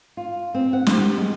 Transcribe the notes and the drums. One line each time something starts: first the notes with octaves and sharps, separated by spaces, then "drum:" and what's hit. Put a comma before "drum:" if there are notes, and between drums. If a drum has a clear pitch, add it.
F4
C4
F#5
G4, drum: snare
G#3